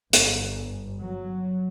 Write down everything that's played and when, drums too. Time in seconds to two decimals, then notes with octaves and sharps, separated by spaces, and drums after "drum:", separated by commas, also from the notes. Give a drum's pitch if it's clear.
0.13 G1, drum: hi-hat
1.01 F#3